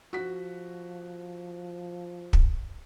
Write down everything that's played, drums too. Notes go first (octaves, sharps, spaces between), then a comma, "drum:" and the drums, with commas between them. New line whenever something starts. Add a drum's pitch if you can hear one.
F3 F#4 B6
drum: kick